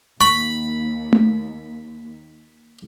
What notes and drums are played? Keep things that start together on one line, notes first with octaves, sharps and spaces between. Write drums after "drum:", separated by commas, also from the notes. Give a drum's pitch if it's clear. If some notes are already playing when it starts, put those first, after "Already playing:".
D#2 B5 C#6
drum: tom A3